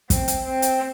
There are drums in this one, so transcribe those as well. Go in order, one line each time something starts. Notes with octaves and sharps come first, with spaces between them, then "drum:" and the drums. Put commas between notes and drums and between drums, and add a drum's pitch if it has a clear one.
C4, drum: kick, hi-hat
drum: hi-hat
C4
drum: hi-hat